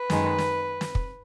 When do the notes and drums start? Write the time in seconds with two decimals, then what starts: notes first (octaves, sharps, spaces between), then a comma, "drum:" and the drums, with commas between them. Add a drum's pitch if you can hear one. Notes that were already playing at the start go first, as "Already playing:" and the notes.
Already playing: B4
0.10 F#2 D#3 G#3, drum: snare
0.38 drum: snare
0.81 drum: snare
0.95 drum: kick